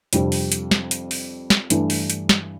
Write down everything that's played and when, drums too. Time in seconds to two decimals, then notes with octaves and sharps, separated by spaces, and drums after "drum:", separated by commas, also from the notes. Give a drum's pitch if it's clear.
0.13 F2 C3 G3 D4, drum: hi-hat
0.32 drum: open hi-hat
0.52 drum: hi-hat
0.71 drum: snare
0.91 drum: hi-hat
1.11 drum: open hi-hat
1.50 drum: snare
1.70 G2 E3 A3 D4, drum: hi-hat
1.90 drum: open hi-hat
2.10 drum: hi-hat
2.29 drum: snare